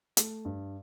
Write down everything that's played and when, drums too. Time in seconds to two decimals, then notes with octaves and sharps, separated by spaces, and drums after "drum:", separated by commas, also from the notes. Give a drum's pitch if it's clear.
0.17 A3, drum: hi-hat
0.45 G2